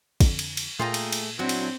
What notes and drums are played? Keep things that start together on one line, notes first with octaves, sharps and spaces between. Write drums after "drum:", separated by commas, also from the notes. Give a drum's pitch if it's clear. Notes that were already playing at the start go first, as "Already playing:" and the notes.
F2 D3, drum: kick, cymbal
drum: cymbal
drum: cymbal
A#2 A3 F4 G#4 G5 A#5
drum: cymbal
drum: cymbal
F#3 C4 D4 E4 F#4
drum: cymbal